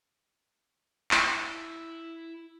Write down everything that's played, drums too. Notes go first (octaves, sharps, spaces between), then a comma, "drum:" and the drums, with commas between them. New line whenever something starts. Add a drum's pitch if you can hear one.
E4 E5, drum: clap